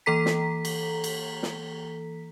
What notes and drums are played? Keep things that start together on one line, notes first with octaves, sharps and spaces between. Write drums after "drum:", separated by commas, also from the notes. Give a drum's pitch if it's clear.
E3 A#3 A4 A#5 B6
drum: snare
drum: cymbal
drum: cymbal
drum: snare